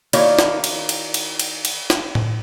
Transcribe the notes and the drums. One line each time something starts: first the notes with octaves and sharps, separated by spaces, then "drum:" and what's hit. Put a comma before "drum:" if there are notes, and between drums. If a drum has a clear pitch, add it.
D#3 A#3 E4 F#4 C#5 D5, drum: cymbal
drum: snare
drum: cymbal
drum: cymbal
drum: cymbal
drum: cymbal
drum: cymbal
drum: snare
drum: tom A2